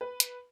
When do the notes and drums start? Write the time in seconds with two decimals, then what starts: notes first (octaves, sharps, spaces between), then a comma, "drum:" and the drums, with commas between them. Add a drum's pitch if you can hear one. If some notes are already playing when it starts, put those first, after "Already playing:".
0.01 B4
0.20 drum: hi-hat